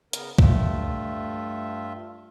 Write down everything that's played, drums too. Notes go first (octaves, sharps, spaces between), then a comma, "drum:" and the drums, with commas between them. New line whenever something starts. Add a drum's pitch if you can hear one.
C#3 B3 A#4, drum: hi-hat
G2 A3 F4 E5, drum: kick